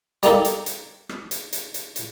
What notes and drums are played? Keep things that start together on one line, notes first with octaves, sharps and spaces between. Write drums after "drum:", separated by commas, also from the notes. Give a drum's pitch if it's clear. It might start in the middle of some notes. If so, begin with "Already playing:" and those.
G3 A#3 D#4 A4, drum: hi-hat
drum: hi-hat
drum: hi-hat
drum: rim click
drum: hi-hat
drum: hi-hat
drum: hi-hat
drum: hi-hat